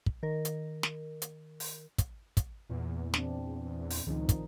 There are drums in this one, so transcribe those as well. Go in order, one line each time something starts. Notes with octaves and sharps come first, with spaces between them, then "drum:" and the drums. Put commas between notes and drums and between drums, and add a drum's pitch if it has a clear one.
drum: kick
D#3 A#4
drum: hi-hat
drum: snare
drum: hi-hat
drum: open hi-hat
drum: kick, hi-hat
drum: kick, hi-hat
E2 A#2
C4 D4, drum: snare
drum: open hi-hat
C#2 D#3 F3 D#4
drum: kick, hi-hat